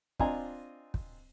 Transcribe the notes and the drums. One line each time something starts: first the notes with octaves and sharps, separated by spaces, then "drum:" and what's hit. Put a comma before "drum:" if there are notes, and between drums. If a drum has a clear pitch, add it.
C4 D4 F4 D#5 G#5 A#5, drum: kick
drum: kick